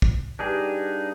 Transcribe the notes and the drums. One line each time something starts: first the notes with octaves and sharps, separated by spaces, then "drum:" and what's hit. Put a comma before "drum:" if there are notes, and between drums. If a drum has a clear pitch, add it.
drum: kick
G2 D4 D#4 G#4 G5